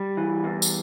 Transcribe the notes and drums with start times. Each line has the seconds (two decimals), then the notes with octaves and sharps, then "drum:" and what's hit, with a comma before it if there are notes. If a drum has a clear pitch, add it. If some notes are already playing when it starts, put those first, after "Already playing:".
Already playing: G3
0.17 E3
0.44 E2
0.62 drum: tambourine